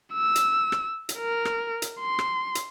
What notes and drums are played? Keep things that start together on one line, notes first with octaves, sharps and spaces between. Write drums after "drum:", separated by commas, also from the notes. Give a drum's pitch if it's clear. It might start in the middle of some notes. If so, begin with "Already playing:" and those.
E6
drum: hi-hat
drum: rim click
drum: hi-hat
A#4
drum: rim click
drum: hi-hat
C6
drum: rim click
drum: hi-hat